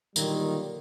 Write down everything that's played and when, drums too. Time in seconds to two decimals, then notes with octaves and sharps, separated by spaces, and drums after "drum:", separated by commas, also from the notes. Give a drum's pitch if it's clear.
0.16 A#2 D3 D#3 F#3 G3 A#3, drum: tambourine